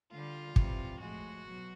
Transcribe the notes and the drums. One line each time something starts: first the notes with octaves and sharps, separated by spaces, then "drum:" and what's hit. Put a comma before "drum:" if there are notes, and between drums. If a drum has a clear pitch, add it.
D3 G3 F4
C3 E3 G3, drum: kick
A2 F3 G#3 F#4
B2 F#3